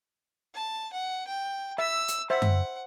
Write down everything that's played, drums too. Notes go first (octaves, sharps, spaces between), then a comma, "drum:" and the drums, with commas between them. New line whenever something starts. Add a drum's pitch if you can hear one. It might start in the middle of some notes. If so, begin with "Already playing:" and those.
A5
F#5
G5
E5 E6
drum: hi-hat
C5 E5 F#5
drum: tom F#2